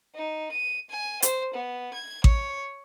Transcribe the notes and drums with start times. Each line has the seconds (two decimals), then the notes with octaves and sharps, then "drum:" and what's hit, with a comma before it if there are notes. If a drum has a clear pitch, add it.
0.15 D#4
0.52 D#7
0.90 G#5
1.22 C5, drum: hi-hat
1.54 B3
1.94 G#6
2.24 C#5, drum: kick A1